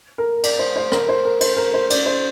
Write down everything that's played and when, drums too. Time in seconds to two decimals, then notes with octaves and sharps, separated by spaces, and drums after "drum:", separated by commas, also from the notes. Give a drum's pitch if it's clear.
0.18 A#4
0.43 D5, drum: cymbal
0.59 C5
0.76 C5
0.92 A#4, drum: rim click
1.09 C5
1.25 A#4
1.41 C5, drum: cymbal
1.57 A#4
1.74 C5
1.90 D5, drum: cymbal
2.06 C5